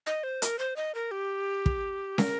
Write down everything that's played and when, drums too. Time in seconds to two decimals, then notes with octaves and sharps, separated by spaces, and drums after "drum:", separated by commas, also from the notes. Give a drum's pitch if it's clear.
0.07 D#5
0.23 C5
0.42 A#4, drum: hi-hat
0.59 C5
0.76 D#5
0.95 A#4
1.11 G4
1.66 drum: kick
2.18 A#4, drum: snare